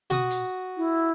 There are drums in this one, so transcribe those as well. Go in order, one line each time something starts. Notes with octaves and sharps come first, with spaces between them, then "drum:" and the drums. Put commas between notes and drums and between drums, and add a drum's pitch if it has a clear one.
F#4 D#6, drum: tom B2
drum: hi-hat
E4